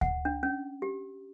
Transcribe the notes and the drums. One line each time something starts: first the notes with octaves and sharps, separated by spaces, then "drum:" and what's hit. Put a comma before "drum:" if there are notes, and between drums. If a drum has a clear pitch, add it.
F#5, drum: kick D2
D4
C#4
G4